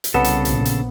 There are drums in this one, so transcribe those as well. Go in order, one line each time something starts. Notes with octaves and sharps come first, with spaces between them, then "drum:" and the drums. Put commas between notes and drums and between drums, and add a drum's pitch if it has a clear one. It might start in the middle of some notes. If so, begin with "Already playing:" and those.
drum: hi-hat
C2 C#3 B3 A4
drum: hi-hat
A#1, drum: hi-hat
drum: hi-hat